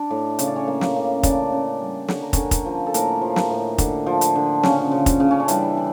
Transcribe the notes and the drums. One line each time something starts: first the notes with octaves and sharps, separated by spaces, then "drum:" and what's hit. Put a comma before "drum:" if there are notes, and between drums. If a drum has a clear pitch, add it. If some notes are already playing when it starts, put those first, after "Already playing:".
Already playing: D4 D5
A2
C#3 C#5, drum: hi-hat
D5
C#4 C#5
A#3
drum: snare
C#3
C#3 D4 D5, drum: kick, hi-hat
C#3
G3
D3 C#5, drum: snare
A#4
D3 C#4 C#5, drum: kick, hi-hat
drum: kick, hi-hat
F3
A4
A2 A#3 A#4, drum: hi-hat
F3
drum: snare
A2
D3, drum: kick, hi-hat
F3
drum: hi-hat
D3
C#3 C#4, drum: snare
C#3
drum: kick, hi-hat
C#3
C#4
D4
E3 G3 E4, drum: hi-hat
E3